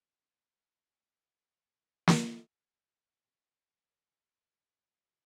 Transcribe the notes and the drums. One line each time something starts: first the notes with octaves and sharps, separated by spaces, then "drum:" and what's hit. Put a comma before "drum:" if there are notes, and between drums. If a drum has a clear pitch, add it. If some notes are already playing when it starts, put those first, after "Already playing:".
B3 C#4
C#2
D#2 C4 C7
C2 G#3 G5 G#5 D7
E3 F#3 A#3 C4 D#4
drum: snare
A4
A1 A#2 G3 C4 G#4
C#5 D#5 G#5 A#5
A#4 C#5 D#5 G#5 A5
G4 E5 F5
D#3 G3 A#3 F4 G4 D5